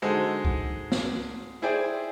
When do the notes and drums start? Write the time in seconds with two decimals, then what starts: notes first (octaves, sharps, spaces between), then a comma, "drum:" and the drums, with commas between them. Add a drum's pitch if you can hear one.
0.02 D3 G#3 D#4 F#4 A4 C5
0.45 drum: kick C2
0.92 drum: snare
1.62 E4 G#4 C5 D5 G5